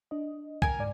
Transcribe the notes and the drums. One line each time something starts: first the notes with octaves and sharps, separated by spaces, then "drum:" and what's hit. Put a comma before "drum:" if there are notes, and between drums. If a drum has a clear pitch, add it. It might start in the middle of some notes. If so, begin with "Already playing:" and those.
D4 D#5
A#4 G#5, drum: kick
G#2 D5